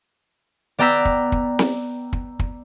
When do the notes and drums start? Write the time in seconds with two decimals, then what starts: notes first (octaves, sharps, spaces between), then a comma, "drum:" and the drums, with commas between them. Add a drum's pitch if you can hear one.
0.78 B3 D5 G5 A#5 E6 B6
1.05 drum: kick
1.32 drum: kick
1.59 drum: snare C4
2.13 drum: kick
2.39 drum: kick